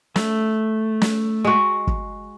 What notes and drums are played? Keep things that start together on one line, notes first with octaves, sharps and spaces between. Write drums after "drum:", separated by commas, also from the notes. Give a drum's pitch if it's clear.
A3, drum: snare
drum: snare
G#3 F#4
drum: kick